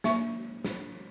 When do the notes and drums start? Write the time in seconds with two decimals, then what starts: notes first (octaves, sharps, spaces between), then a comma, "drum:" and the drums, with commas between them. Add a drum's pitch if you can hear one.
0.04 A#3 E5 C#6, drum: snare
0.64 drum: snare